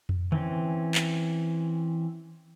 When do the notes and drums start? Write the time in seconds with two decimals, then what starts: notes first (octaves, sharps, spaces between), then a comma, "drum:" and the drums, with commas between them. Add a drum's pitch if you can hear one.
0.09 drum: tom F2
0.32 E3 C4 C#4, drum: tom D3
0.95 drum: clap